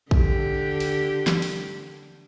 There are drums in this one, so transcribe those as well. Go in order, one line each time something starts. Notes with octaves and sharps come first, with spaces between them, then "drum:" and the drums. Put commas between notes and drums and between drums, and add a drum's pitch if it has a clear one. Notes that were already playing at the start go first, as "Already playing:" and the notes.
D3 G4, drum: kick
drum: open hi-hat
drum: snare
drum: open hi-hat